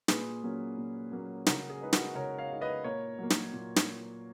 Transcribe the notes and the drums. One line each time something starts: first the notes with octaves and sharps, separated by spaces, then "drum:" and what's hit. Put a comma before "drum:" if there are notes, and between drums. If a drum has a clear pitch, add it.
A#2 G#4 B4, drum: snare
F#3 A#3 C#4
A#2
F#3 A#3 C#4
C#3 F#4 A#4, drum: snare
G#4
G#3 D#4 B4
F#4 A#4, drum: snare
C#3 A#4 C#5
C#5 F5
G#3 D#4
B4 D#5
A#2 A#4 C#5
F#3 A#3
drum: snare
A#2
drum: snare